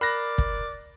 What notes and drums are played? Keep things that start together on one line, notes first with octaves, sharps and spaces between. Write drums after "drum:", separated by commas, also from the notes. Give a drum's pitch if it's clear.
A#4 D5 B5 F#6 A#6
drum: kick